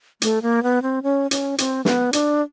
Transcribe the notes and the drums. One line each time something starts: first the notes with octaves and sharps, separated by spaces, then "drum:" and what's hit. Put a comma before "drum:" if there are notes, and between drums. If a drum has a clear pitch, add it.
A3, drum: hi-hat
A#3
B3
C4
C#4
C#4, drum: hi-hat
C4, drum: hi-hat
B3, drum: snare
D4, drum: hi-hat